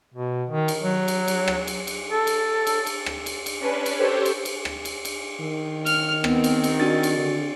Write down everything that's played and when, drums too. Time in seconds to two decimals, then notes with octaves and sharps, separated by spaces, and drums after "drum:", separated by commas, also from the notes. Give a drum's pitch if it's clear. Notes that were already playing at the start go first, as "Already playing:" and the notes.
0.14 B2
0.49 D#3
0.68 drum: cymbal
0.82 F#3
1.08 drum: cymbal
1.28 drum: cymbal
1.48 drum: rim click
1.67 drum: cymbal
1.87 drum: cymbal
2.10 A4
2.27 drum: cymbal
2.67 drum: cymbal
2.87 drum: cymbal
3.06 drum: rim click
3.26 drum: cymbal
3.46 drum: cymbal
3.60 C#4 D4 B4
3.86 drum: cymbal
3.98 G4 A4 C5 C#5
4.25 drum: cymbal
4.45 drum: cymbal
4.65 drum: rim click
4.85 drum: cymbal
5.05 drum: cymbal
5.39 D#3
5.86 F6, drum: cymbal
6.24 B3 C4, drum: rim click
6.44 drum: cymbal
6.64 drum: cymbal
6.80 D4 F#4 A6
7.03 drum: cymbal
7.18 D3